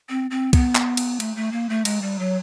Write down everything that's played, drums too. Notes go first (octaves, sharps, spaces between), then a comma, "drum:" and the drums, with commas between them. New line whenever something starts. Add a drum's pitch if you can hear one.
C4
C4
B3, drum: kick, cymbal
drum: clap
drum: cymbal
A3, drum: cymbal
A3
A#3
A3
G#3, drum: cymbal
G3
F#3